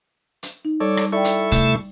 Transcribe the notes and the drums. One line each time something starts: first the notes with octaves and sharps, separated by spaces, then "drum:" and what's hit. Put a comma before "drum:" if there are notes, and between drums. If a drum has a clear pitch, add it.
drum: hi-hat
D#4
G3 A4 C#5 D5
drum: rim click
E4 A4 D5 G5 C#6
drum: hi-hat
C3 A3, drum: kick, hi-hat